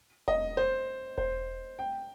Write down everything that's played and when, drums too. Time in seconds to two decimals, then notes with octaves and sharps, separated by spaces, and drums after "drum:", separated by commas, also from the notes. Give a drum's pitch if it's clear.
0.28 D#5, drum: kick E1
0.57 C5
1.18 C5, drum: kick E1
1.79 G5